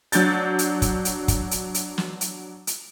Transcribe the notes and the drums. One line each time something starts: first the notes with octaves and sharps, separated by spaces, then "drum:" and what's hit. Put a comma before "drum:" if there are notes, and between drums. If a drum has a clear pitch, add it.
F#3 D4 G6 A6, drum: hi-hat
drum: hi-hat
drum: kick, hi-hat
drum: hi-hat
drum: kick, hi-hat
drum: hi-hat
drum: hi-hat
drum: snare
drum: hi-hat
drum: hi-hat